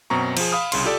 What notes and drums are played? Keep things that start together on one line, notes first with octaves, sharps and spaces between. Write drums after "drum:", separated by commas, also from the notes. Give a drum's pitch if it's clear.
F#2 B2 C4 A#5 C#6
F3 G#4, drum: cymbal
F5 B5 D#6 F6
C2 C#3 C6, drum: cymbal
F4 G4 A4 D5